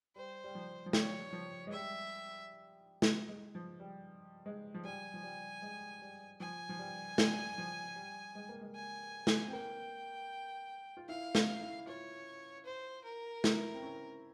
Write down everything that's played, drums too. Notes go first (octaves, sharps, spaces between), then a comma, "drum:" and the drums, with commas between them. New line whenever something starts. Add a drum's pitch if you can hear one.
G3 C5
G3
F3
F3
G3 C#5, drum: snare
F3
G#3
G3 E5
drum: snare
G#3
F3
G3
G#3
F3
G3 G#5
F3
G3
G#3
G3
F3 G#5
F3
G3
G3, drum: snare
F3
G3
G#3
A#3
G#3
G#5
drum: snare
C4
A#3 G5
F4
E4 F5
C#4, drum: snare
E4
F4 C#5
C5
A#4
E4, drum: snare
C4
C#4